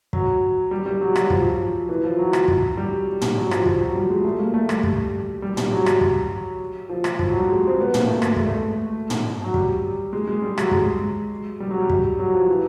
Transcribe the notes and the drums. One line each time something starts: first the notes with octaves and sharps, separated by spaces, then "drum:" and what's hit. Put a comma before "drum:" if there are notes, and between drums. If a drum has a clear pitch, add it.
F#3, drum: kick
G3
G3
F#3
F#3, drum: rim click
F3, drum: kick
E3
F3
F#3
drum: rim click
drum: kick
G3
drum: tom
F#3
F3, drum: rim click
F3, drum: kick
F#3
G3
G#3
A3
A#3
A3
G3, drum: rim click
drum: kick
G3
G3, drum: tom
F#3
drum: rim click
drum: kick
F3
drum: rim click
F3, drum: kick
F#3
G3
G#3
C4
B3
A#3, drum: tom
A3
A3, drum: rim click
G#3, drum: kick
A3
drum: tom
F#3
G3, drum: kick
G#3
G#3
G3
F#3, drum: rim click
G#3, drum: kick
G3
F#3
G3
drum: kick
F#3
F3
E3